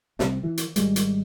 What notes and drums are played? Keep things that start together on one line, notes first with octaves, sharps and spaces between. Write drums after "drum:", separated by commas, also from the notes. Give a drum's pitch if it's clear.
C2 F3 C4, drum: snare
E3
drum: hi-hat
G#1 G3 G#3, drum: hi-hat
drum: hi-hat